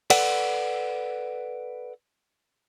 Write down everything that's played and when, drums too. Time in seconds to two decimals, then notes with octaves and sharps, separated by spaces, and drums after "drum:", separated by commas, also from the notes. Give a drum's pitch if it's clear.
0.10 A4 B4 D5 F#5, drum: cymbal